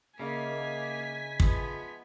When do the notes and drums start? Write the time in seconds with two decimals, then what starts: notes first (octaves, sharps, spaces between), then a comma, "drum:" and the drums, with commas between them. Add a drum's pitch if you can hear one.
0.20 C#3 A#3 D#4 D#5 E5 G#5 B6
1.40 F3 G#3 B3, drum: kick